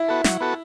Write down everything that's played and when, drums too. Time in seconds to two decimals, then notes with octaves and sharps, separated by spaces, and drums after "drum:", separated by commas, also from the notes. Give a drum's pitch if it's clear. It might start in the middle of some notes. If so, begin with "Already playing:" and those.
Already playing: E4
0.08 B3 F#4 A4
0.24 F#3, drum: snare
0.40 B3 F#4 A4